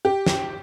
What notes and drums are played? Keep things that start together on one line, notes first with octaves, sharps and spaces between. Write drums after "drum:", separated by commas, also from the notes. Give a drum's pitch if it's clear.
G4
drum: snare